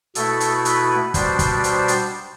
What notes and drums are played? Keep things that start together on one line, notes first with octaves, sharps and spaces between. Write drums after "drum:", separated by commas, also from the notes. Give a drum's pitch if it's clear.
B2 A3 E4 A4, drum: hi-hat
drum: hi-hat
B4, drum: hi-hat
B2 G3 D4 C5, drum: kick, hi-hat
drum: kick, hi-hat
C5, drum: hi-hat
drum: hi-hat